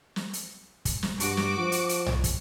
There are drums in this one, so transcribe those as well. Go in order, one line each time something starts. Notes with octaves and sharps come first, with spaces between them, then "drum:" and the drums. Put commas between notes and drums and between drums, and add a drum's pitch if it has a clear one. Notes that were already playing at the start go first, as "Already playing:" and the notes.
drum: snare
drum: hi-hat
drum: kick, hi-hat
drum: snare
G2 F#4 D6, drum: hi-hat
drum: snare
F3
drum: hi-hat
drum: hi-hat
drum: tom B1
drum: kick, hi-hat